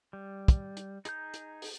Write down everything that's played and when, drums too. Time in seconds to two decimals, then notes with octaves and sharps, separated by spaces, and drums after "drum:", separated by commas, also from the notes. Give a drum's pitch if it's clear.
0.13 G3
0.48 drum: kick, hi-hat
0.77 drum: hi-hat
1.05 D#4 G#4 A#5 G6, drum: hi-hat
1.34 drum: hi-hat
1.62 drum: open hi-hat